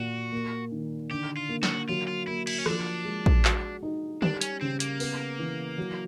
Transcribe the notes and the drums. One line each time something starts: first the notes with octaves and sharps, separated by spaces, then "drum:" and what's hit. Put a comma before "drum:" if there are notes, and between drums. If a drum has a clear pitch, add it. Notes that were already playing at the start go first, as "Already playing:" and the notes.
Already playing: A#2 A#3 F#4
A#3
D#3
D3 G4
F4
A#3
F#4, drum: snare
F#3 F4
F4
A#3 E4
E4, drum: cymbal
C#4
F3 D4, drum: rim click
G#3
drum: kick
F#4, drum: clap
D#4
G3 D4, drum: tom D3
C#4, drum: hi-hat
C#3 C4
A#3, drum: hi-hat
B3, drum: open hi-hat
E3
F#3